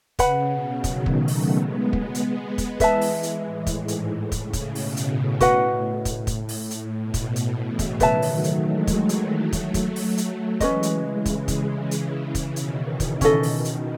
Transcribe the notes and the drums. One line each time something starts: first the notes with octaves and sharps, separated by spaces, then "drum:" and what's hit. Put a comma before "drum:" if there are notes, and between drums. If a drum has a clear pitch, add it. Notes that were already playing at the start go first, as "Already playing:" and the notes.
C#3 B4 F#5 B5, drum: kick, hi-hat
B2
D#3 F#3, drum: kick, hi-hat
drum: kick
F#3 A3
drum: open hi-hat
G#3 B3
G#3 B3
drum: kick
drum: hi-hat
drum: kick, hi-hat
E3 G#3 B4 E5 A5, drum: kick, hi-hat
drum: open hi-hat
E3 G#3
drum: hi-hat
A2
drum: kick, hi-hat
G#2
drum: hi-hat
A2
drum: kick, hi-hat
C#3
drum: kick, hi-hat
B2, drum: open hi-hat
drum: hi-hat
A2
F#4 B4 D#5 F#5, drum: kick, hi-hat
drum: kick, hi-hat
drum: kick, hi-hat
drum: open hi-hat
A2, drum: hi-hat
B2
drum: kick, hi-hat
B2, drum: hi-hat
C#3 E3
drum: kick, hi-hat
D#3 F#3 B4 E5 A5, drum: kick, hi-hat
drum: open hi-hat
F#3 A3
drum: hi-hat
E3 G#3
drum: kick, hi-hat
drum: hi-hat
F#3 A3
drum: kick, hi-hat
drum: kick, hi-hat
drum: open hi-hat
drum: hi-hat
E3 G#3 C#4 F#4 B4 D#5, drum: kick, hi-hat
drum: hi-hat
C#3 E3
C#3 E3, drum: kick, hi-hat
drum: kick, hi-hat
drum: hi-hat
drum: kick, hi-hat
B2 D#3, drum: hi-hat
C#3
drum: kick, hi-hat
B2 D#3 C#4 E4 A4 D#5, drum: kick, hi-hat
drum: open hi-hat
B2 D#3
drum: hi-hat